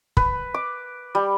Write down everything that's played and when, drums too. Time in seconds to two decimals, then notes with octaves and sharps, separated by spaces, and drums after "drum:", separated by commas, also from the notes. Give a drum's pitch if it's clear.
0.17 B4, drum: kick
0.54 D6
1.15 G3